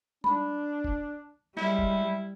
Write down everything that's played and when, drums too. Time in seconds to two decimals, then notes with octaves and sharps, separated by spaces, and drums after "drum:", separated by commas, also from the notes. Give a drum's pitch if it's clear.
0.24 D4 B5, drum: tom G3
0.84 drum: kick F1
1.57 G3 G#3 E4, drum: snare
1.79 drum: kick F1